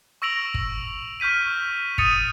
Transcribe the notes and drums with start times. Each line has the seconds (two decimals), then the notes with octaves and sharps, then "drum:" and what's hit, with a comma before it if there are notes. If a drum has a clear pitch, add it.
0.22 C#6 E6 A#6 D7 F7 F#7
0.54 drum: kick G1
1.20 C#6 F6 G6 B6 D#7
1.98 D#6 A6 C#7 D#7 F7, drum: kick G1